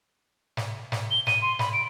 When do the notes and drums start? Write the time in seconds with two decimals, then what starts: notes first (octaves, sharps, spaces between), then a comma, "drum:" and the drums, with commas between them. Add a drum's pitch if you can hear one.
0.57 drum: snare
0.92 drum: snare
1.11 G7
1.27 D#7, drum: snare
1.42 C6
1.59 B5, drum: snare
1.73 D7